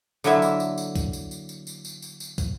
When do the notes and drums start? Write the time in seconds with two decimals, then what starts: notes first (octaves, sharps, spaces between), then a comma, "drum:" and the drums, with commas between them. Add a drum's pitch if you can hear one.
0.24 D3 F#3 A#3 E4 E5, drum: tambourine
0.42 drum: tambourine
0.60 drum: tambourine
0.78 drum: tambourine
0.95 drum: kick, tambourine
1.13 drum: tambourine
1.31 drum: tambourine
1.49 drum: tambourine
1.67 drum: tambourine
1.85 drum: tambourine
2.02 drum: tambourine
2.20 drum: tambourine
2.38 drum: kick, tambourine